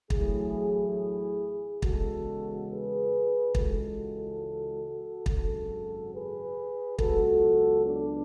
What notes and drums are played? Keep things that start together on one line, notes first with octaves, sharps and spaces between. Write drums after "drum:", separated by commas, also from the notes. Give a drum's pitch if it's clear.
A1 A2 F#3 E4 G#4, drum: kick
E2 C#3 G#3 F#4 A4, drum: kick
G#4 B4
C#2 C#3 E3 G#3 F#4 A4, drum: kick
G#1 F#2 C#3 F#4 A4, drum: kick
G#4 B4
C#2 B2 F#3 F#4 A4, drum: kick
B3 D4